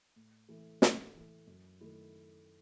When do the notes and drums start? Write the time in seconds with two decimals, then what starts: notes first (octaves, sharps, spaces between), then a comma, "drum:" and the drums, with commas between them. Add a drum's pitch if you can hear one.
0.16 A2
0.49 E3 A3
0.82 A2, drum: snare
1.14 E3 A3
1.47 F#2
1.80 D#3 A3 E4